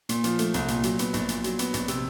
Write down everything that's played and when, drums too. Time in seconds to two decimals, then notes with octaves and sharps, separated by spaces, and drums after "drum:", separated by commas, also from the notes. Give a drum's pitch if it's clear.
0.09 A#2, drum: hi-hat
0.24 F3, drum: hi-hat
0.39 A3, drum: hi-hat
0.54 C2, drum: hi-hat
0.68 A#2, drum: hi-hat
0.83 F#3, drum: hi-hat
0.99 B3, drum: hi-hat
1.14 A#1, drum: hi-hat
1.29 A#2, drum: hi-hat
1.44 F#3, drum: hi-hat
1.59 B3, drum: hi-hat
1.74 A#1, drum: hi-hat
1.88 C3, drum: hi-hat